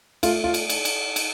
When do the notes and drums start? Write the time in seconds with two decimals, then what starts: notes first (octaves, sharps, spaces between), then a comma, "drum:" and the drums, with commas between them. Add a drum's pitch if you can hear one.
0.23 A3 F4, drum: cymbal
0.44 F4
0.54 drum: cymbal
0.69 drum: cymbal
0.85 drum: cymbal
1.16 drum: cymbal